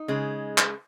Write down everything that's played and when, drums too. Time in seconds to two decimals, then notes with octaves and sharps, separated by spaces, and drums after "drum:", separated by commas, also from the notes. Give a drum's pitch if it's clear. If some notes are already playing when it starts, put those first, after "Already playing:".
Already playing: D#4
0.08 C#3 G#3
0.58 drum: clap